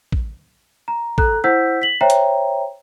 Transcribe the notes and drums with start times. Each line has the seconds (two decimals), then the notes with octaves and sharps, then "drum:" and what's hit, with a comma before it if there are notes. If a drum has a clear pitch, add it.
0.12 drum: kick
0.88 A#5
1.18 A4 A#5 F#6, drum: kick
1.44 E4 C5 F#5 E6 G6 B6
1.82 B6 F#7
2.01 C5 C#5 E5 G5 A#5
2.10 drum: hi-hat